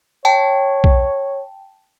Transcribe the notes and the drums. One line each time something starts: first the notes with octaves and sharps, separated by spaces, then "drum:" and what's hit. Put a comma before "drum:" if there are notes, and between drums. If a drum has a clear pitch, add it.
C#5 G5 A5
drum: kick